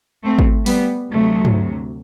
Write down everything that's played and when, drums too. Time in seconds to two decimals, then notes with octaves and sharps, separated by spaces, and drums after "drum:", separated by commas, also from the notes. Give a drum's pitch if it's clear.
0.24 A3 C4
0.39 drum: kick G#1
0.66 G3 B3, drum: open hi-hat
1.10 D2 C3 F#3 A3
1.45 drum: tom G2